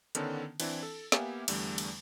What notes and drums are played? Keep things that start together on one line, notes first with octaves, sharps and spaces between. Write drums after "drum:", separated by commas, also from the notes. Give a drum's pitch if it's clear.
D3 D#3 B3 C#4 D4 A4, drum: hi-hat
E3 C4 D4 E4, drum: cymbal
A4
A#3 B3 G4 E5 F5 G#5, drum: snare
E2 D3 G3 A3, drum: cymbal
drum: cymbal